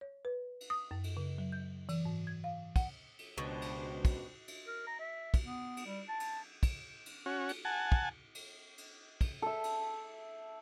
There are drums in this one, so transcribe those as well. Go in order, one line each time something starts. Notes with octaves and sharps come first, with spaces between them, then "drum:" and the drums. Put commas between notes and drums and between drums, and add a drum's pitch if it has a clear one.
C#5
B4
drum: cymbal
D#6
F#2
drum: cymbal
C#3
F#3
G6
E3, drum: cymbal
G#2
G#6
F5
F#5, drum: kick, cymbal
drum: cymbal
C#2 B2 D4 G4 C5
drum: cymbal
drum: kick, cymbal
drum: cymbal
A#4
A#5
E5
drum: kick, cymbal
B3
drum: cymbal
G3
A5
drum: cymbal
drum: kick, cymbal
drum: cymbal
C#4 F#4
drum: cymbal
F#5 G#5 A5
drum: kick
drum: cymbal
drum: cymbal
drum: kick, cymbal
A4 E5
drum: cymbal